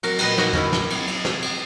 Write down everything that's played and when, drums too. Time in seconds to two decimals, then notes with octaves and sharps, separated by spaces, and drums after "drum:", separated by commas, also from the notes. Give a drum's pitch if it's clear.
0.03 F#3 F#4 A#4, drum: cymbal
0.18 A#2 B4 D#5, drum: cymbal
0.38 A#3 D#4 F#4, drum: snare
0.53 A#2 C#4 E4, drum: tom
0.72 F#3, drum: snare
0.90 drum: cymbal
1.07 drum: cymbal
1.25 drum: snare
1.42 drum: cymbal